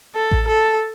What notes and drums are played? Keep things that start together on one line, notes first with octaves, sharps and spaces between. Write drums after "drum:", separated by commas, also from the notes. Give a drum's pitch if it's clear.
A4
drum: kick A1
A4